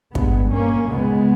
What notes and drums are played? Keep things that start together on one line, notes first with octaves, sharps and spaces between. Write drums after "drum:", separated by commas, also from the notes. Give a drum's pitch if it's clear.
G2 G#3 B3, drum: kick
A#3 C#4
C#2 C#3 G#3 B3